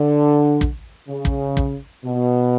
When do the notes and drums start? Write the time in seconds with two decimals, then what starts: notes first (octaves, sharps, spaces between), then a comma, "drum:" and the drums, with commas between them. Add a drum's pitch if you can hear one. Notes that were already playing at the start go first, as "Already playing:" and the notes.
Already playing: D3
0.61 drum: kick
1.09 C#3
1.25 drum: kick
1.57 drum: kick
2.04 B2